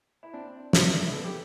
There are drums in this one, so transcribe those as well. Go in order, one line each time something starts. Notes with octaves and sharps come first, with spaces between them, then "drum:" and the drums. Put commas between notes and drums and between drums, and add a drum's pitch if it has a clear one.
E4
C4 D4
D3 E4, drum: snare
D4
E4
B3 A4
G4